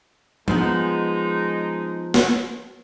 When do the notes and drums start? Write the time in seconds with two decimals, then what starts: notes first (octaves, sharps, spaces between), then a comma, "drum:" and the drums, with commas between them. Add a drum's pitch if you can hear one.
0.48 F3 G#3 B3 D#4, drum: tom F3
2.14 drum: snare